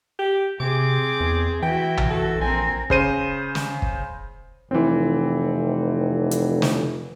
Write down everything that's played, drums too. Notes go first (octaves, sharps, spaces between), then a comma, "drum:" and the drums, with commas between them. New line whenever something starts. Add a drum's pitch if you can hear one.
G4
C3 C4 G#4 D6
E2
E3 E4 F#4 G5
drum: tom
F#4 A4
A#1 C4 A#4 G#5
C#3 C5 D#7, drum: kick
drum: snare
drum: kick
F1 E3 C4
drum: hi-hat
drum: snare